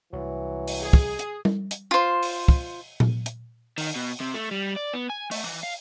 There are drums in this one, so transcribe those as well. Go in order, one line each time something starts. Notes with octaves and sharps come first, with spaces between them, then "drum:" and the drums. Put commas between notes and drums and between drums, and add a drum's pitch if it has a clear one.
C2 E3 F#3
drum: open hi-hat
G#4
drum: kick
drum: hi-hat
drum: tom G3
drum: hi-hat
F4 C5
drum: open hi-hat
drum: kick
drum: tom A#2
drum: hi-hat
D#3, drum: open hi-hat
B2
C3
A3
G3
D5
B3
G#5
A3, drum: open hi-hat
E3
F5